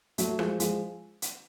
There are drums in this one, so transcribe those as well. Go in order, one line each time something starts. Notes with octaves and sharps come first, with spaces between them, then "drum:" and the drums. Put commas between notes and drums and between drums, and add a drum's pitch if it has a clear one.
F#3 A3, drum: hi-hat
F3 G#3, drum: rim click
F3 G#3, drum: hi-hat
drum: hi-hat